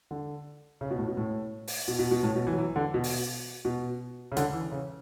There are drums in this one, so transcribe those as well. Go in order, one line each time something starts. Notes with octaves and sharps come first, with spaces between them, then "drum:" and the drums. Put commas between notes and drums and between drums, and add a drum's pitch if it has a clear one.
D3
C#3
B2
A2
B2
A2
drum: open hi-hat
B2
B2
B2
A2
B2
E3
F#3
E3
D3
B2
drum: open hi-hat
B2
C#3
D3, drum: hi-hat
E3
C#3